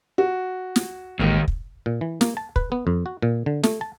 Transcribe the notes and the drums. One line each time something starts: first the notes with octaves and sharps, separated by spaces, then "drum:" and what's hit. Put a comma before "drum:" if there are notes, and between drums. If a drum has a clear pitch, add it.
F#4
drum: snare
A1 D#2 D#3 G#3 A#3
drum: kick
A#2
E3
A#3, drum: snare
A5
B4, drum: kick
B3
F2
F#4
A#2
D3
A3, drum: snare
A5